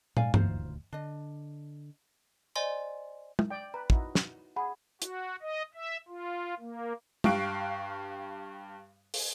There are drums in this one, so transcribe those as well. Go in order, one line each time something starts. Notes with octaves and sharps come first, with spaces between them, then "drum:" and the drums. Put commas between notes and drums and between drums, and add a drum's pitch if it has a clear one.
G#2 D5 F5 G#5, drum: tom
D#1 D2 D#4 F4 C5, drum: tom G2
D3 D4 D#5
C5 D5 D#5 G#5 C6
drum: tom
D5 G5
B4 A#5
D#4 E4 F#4, drum: kick
drum: snare
G#4 F#5 B5
F#4, drum: hi-hat
D#5
E5
F4
A#3
G2 G4 F5 C#6 F#6 D7, drum: tom
drum: open hi-hat